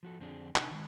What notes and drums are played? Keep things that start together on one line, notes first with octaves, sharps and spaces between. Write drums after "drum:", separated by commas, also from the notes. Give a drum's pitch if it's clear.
F3 F#4 A4
F2 D3 C4 D4 G#4
C3 D4 D#4 A#4 D#5 A#5, drum: clap
D#3 G#3